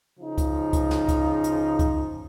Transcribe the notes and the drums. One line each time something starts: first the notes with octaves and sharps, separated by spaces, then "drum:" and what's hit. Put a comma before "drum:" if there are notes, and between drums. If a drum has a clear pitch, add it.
C#3 F3 D#4
drum: kick C#2, hi-hat
drum: kick C#2, hi-hat
drum: snare
drum: kick C#2, hi-hat
drum: hi-hat
drum: kick C#2, hi-hat